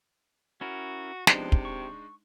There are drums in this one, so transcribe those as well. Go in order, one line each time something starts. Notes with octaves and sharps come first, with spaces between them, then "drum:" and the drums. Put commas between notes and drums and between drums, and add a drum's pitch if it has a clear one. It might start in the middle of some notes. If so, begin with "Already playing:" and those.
C#4 E4 F#4 A#4
C3 F3 G#3 B3 D4 D#4 C5, drum: snare
drum: kick
C#6